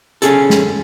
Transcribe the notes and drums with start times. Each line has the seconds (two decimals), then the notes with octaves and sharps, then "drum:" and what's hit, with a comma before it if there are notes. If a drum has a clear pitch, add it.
0.22 C#4 G#4 A4, drum: hi-hat
0.50 drum: snare